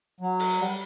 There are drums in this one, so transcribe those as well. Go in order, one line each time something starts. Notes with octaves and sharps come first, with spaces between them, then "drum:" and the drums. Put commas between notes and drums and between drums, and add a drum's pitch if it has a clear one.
F#3
drum: open hi-hat
G3